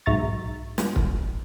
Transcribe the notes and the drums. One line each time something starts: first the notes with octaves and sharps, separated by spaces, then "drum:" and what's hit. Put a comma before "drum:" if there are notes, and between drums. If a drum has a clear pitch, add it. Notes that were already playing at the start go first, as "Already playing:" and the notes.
B1 G#2 E5 A#5 C#6 A6
drum: snare
drum: kick